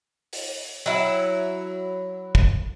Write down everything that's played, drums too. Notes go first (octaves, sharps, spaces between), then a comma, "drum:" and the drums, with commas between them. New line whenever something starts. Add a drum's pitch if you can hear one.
drum: open hi-hat
F#3 E4
drum: kick